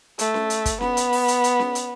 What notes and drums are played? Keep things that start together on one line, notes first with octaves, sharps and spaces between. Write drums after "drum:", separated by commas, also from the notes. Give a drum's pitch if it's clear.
A3, drum: hi-hat
drum: snare C#4
drum: hi-hat
drum: kick, hi-hat
B3, drum: snare C#4
drum: hi-hat
drum: open hi-hat
drum: hi-hat
drum: hi-hat
drum: snare C#4
drum: hi-hat